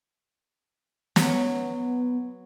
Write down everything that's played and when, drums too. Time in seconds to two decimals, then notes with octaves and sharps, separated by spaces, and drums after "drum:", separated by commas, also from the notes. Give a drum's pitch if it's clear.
1.16 F#3 B3, drum: snare